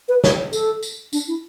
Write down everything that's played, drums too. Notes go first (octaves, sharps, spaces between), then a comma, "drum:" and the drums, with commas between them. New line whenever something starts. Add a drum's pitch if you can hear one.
B4
C#5, drum: snare
A4, drum: tambourine
drum: tambourine
D4, drum: tambourine
E4